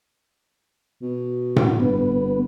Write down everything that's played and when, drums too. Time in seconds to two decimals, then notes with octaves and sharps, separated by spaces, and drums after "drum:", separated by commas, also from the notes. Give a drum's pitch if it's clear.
1.02 B2
1.56 drum: tom A2
1.80 G1 B3